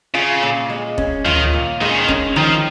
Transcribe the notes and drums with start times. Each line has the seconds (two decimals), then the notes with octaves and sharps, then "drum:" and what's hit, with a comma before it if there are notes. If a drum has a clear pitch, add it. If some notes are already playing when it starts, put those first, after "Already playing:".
0.14 C#3 F4
0.43 A#2
0.70 G#3
0.98 C#4, drum: kick F1
1.25 D#3 F4, drum: tom
1.53 A#2
1.81 D#3 G#3
1.90 C#3
1.98 D#3
2.09 C#4, drum: kick F1
2.36 D#3 F3